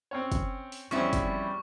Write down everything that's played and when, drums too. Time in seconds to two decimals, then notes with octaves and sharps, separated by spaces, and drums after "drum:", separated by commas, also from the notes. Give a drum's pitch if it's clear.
0.11 C4 C#4 C#5
0.32 drum: kick, hi-hat
0.72 drum: open hi-hat
0.91 E2 F3 G3 C4 C#4 E4 C#6
1.13 drum: kick, hi-hat